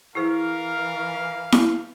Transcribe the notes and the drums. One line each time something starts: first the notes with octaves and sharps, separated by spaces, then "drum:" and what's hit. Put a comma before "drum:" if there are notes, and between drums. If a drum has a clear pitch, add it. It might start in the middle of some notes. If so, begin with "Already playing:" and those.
E3 E4 G#4 A#4 C5 F5
drum: snare E4